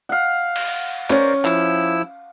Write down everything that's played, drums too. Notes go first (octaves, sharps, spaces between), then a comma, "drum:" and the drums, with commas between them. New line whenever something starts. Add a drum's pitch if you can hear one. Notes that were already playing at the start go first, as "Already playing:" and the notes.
F5 F#5
drum: cymbal
C#4 A#4 C5 D5, drum: clap
F3 E4 E6, drum: clap